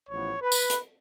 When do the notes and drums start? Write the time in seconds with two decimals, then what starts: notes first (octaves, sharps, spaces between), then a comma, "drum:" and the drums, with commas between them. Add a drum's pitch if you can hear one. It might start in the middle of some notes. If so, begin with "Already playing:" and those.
0.09 A1 A2 F3 B3 C#5
0.41 B4
0.52 drum: tambourine
0.70 drum: hi-hat